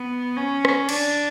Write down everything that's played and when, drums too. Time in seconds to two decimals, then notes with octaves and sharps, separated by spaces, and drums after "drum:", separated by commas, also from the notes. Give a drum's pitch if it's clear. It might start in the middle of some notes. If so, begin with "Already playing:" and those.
Already playing: B3
0.37 C#4
0.65 drum: rim click
0.89 D4, drum: cymbal